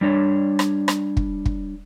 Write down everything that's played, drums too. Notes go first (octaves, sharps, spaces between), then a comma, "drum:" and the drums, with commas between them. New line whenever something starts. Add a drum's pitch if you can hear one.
G3 D4 C#5
drum: rim click
drum: rim click
drum: kick
drum: kick